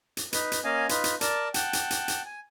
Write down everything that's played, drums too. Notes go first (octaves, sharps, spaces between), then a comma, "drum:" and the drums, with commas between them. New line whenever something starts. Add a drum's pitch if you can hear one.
drum: hi-hat
D#4 B4, drum: hi-hat
drum: hi-hat
A#3 C#4 D#5 F5 G#5
D#4 F4 B4, drum: hi-hat
drum: hi-hat
A#4 D5 A5, drum: hi-hat
F#5 G5 A5, drum: hi-hat
drum: hi-hat
drum: hi-hat
drum: hi-hat
G#5